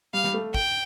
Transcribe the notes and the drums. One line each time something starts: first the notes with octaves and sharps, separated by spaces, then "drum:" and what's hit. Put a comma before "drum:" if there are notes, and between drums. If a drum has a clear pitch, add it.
G3 F5
G3, drum: snare
A3
G5, drum: kick